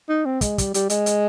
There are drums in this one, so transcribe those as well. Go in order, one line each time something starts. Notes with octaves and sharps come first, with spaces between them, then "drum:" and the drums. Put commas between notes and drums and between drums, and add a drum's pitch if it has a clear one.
D#4
C4
G#3, drum: kick, hi-hat
G3, drum: kick, hi-hat
G3, drum: hi-hat
G#3, drum: hi-hat
drum: hi-hat